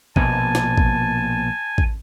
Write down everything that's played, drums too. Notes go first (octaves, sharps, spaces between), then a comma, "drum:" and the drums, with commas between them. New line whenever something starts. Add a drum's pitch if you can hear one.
A#1 B2 A#3 G#5 A5, drum: kick A1
drum: snare
drum: kick A1
drum: kick A1